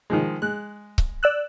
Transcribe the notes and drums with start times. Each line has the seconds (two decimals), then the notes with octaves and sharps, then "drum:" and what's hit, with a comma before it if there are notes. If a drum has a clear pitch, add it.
0.10 D#3 F3 G#3
0.42 G#3 F#6
0.98 drum: kick C#1
1.23 D5 E6 F#6